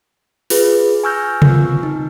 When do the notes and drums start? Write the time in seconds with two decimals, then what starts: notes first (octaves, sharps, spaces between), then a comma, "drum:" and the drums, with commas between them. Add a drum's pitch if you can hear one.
0.50 F4 G#4 B4, drum: open hi-hat
1.04 G#5 C#6 E6 F6 G6 A#6
1.42 C4 F4 A#4, drum: tom C3
1.83 D#4